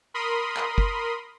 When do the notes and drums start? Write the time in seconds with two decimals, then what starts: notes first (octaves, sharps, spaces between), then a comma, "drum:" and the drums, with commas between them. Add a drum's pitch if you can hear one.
0.14 A#4 B5 C6 D#6
0.57 drum: clap
0.78 drum: kick